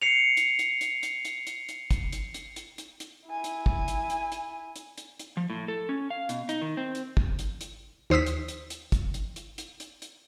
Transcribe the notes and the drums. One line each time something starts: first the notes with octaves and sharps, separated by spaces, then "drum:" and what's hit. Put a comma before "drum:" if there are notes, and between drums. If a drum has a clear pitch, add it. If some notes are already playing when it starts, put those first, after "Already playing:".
C7 C#7 F7
drum: hi-hat
drum: hi-hat
drum: hi-hat
drum: hi-hat
drum: hi-hat
drum: hi-hat
drum: hi-hat
drum: kick, hi-hat
drum: hi-hat
drum: hi-hat
drum: hi-hat
drum: hi-hat
drum: hi-hat
E4 G#5
drum: hi-hat
drum: kick
drum: hi-hat
drum: hi-hat
drum: hi-hat
drum: hi-hat
drum: hi-hat
drum: hi-hat
F3
A2
A4
C#4
F5
B2, drum: hi-hat
D#4, drum: hi-hat
D#3
C4
drum: hi-hat
drum: kick
drum: hi-hat
drum: hi-hat
D#2 C5 D#6 E6 B6
drum: hi-hat
drum: hi-hat
drum: hi-hat
drum: kick, hi-hat
drum: hi-hat
drum: hi-hat
drum: hi-hat
drum: hi-hat
drum: hi-hat